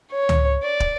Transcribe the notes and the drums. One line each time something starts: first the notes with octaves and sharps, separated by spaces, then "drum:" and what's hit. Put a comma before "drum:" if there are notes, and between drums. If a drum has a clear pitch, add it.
C#5
drum: tom C#2
D5
drum: kick